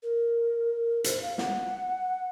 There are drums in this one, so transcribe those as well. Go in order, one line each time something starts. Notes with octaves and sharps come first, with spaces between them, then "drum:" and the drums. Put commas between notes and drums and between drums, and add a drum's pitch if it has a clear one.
A#4
C5, drum: hi-hat
F5
F#5, drum: snare